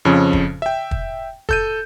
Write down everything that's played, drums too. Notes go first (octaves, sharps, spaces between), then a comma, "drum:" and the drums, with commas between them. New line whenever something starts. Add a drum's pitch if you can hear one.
F2 C#3 F3 C#4
drum: kick
E5 G5
drum: kick
A4 G6 D#7, drum: kick